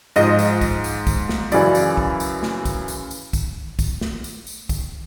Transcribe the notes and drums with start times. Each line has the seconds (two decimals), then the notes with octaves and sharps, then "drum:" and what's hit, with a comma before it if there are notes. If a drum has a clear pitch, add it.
0.16 G#2 F3 D#5, drum: tambourine
0.39 drum: tambourine
0.61 drum: kick, tambourine
0.84 drum: tambourine
1.07 drum: kick, tambourine
1.29 drum: snare
1.52 F#2 C#3 E3 D5, drum: tambourine
1.75 drum: tambourine
1.97 drum: kick
2.20 drum: tambourine
2.43 drum: snare
2.65 drum: kick, tambourine
2.88 drum: tambourine
3.11 drum: tambourine
3.33 drum: kick, tambourine
3.79 drum: kick, tambourine
4.01 drum: snare
4.24 drum: tambourine
4.47 drum: tambourine
4.69 drum: kick, tambourine